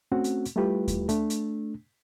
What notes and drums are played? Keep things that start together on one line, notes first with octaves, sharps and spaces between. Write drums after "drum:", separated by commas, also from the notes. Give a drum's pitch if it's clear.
A3 C4 C#4 F#4 F#5
drum: hi-hat
drum: hi-hat
G3 A3 E4 F4 G4 B4
drum: kick D#2, hi-hat
A3 D4, drum: hi-hat
drum: hi-hat